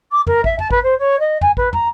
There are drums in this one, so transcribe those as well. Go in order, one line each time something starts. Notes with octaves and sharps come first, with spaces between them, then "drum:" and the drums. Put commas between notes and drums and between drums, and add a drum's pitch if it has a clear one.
D6
A#4, drum: tom
E5, drum: kick A1
A5, drum: tom
B4, drum: kick A1
C5
C#5
D#5
G#5, drum: tom
B4, drum: kick A1
A#5, drum: tom